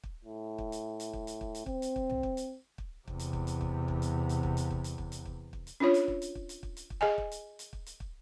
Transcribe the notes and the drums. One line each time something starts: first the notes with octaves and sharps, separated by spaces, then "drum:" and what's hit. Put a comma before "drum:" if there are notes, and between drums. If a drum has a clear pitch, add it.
drum: kick
A2
drum: kick
drum: hi-hat
drum: hi-hat
drum: kick
drum: hi-hat
drum: kick
drum: hi-hat
C4, drum: kick
drum: hi-hat
drum: kick
drum: tom B1
drum: kick
drum: hi-hat
drum: kick
E2 C3, drum: kick
drum: hi-hat
drum: kick
drum: hi-hat
drum: kick
drum: kick
drum: hi-hat
drum: hi-hat
drum: kick
drum: hi-hat
drum: kick
drum: hi-hat
drum: kick
drum: hi-hat
drum: kick
drum: kick
drum: hi-hat
C#4 D4 F4 C#5
drum: hi-hat
drum: kick
drum: hi-hat
drum: kick
drum: hi-hat
drum: kick
drum: hi-hat
drum: kick
G#4 D#5 G#5
drum: kick
drum: hi-hat
drum: hi-hat
drum: kick
drum: hi-hat
drum: kick